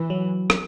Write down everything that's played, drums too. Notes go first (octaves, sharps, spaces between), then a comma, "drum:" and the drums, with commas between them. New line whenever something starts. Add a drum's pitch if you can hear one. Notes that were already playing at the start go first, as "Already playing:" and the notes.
Already playing: E3
F#3
drum: rim click